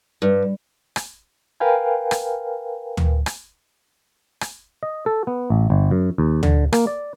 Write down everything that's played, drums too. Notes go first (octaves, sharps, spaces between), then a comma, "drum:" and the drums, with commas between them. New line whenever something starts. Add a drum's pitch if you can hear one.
G2
drum: rim click
A#4 B4 F5 G5 G#5
drum: rim click
drum: tom D2
drum: rim click
drum: rim click
D#5
A4
B3
A1
G1
F#2
D#2
D3, drum: tom D2
A#3, drum: rim click
D5